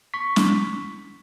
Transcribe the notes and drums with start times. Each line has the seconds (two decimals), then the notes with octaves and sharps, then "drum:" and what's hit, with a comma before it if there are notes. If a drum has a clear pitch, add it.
0.14 C#6 B6
0.36 drum: snare